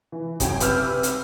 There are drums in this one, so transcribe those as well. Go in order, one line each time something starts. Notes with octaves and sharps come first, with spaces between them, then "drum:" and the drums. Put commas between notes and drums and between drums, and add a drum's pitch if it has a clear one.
E3
F#2 C#3 F#3 F#4 G5 G#6, drum: kick, hi-hat
C3 B4 D6 E6 F6 G6, drum: hi-hat
drum: hi-hat